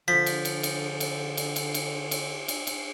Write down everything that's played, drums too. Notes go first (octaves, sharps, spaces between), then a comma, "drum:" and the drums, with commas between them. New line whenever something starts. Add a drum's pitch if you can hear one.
D3 F3 B6
drum: cymbal
drum: cymbal
drum: cymbal
drum: cymbal
drum: cymbal
drum: cymbal
drum: cymbal
drum: cymbal
drum: cymbal
drum: cymbal